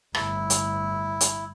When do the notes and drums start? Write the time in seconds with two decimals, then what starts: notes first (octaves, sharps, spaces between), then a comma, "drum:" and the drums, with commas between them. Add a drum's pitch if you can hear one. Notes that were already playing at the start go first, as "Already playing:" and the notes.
0.15 G1 A2 E4, drum: rim click
0.50 drum: hi-hat
1.21 drum: hi-hat